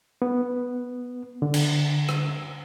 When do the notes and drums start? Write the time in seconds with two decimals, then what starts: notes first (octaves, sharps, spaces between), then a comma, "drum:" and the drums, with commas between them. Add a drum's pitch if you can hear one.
0.22 B3
1.42 D3
1.54 drum: cymbal
2.09 drum: rim click